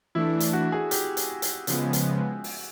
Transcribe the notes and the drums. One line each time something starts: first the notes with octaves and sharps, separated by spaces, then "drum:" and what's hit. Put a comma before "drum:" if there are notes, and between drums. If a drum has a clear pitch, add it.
E3 A3 D4 E4
drum: hi-hat
F#4
G#4
G4, drum: hi-hat
drum: hi-hat
drum: hi-hat
C#3 F3 G#3 B3, drum: hi-hat
drum: hi-hat
drum: open hi-hat